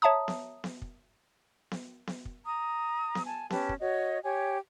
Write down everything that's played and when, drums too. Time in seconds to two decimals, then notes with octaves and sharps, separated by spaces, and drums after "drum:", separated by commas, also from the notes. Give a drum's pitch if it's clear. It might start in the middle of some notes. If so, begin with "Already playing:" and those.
0.02 C#5 E5 A5 A#5 D#6
0.28 drum: snare B3
0.64 drum: snare B3
0.82 drum: kick
1.71 drum: snare B3
2.07 drum: snare B3
2.25 drum: kick
2.45 A#5 D#6
3.15 drum: snare B3
3.25 G#5 A5
3.50 C#4 G4 B4 A5, drum: snare B3
3.69 drum: kick
3.80 F#4 C#5 D#5
4.23 G4 C#5 G#5